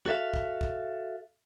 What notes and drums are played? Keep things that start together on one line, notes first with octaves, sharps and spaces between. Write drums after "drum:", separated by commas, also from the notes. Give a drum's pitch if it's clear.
F#4 A4 E5 F5
drum: kick
drum: kick